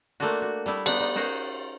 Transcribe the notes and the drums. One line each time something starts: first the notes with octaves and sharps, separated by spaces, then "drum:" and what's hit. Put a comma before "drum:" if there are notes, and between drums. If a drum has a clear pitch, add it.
A3 A#3 D4 F4 F#4
F#4
G3 A3 E4
B3 D4 D#4, drum: cymbal
G3 D#4
C#4 D#4 F#4 A#4 C5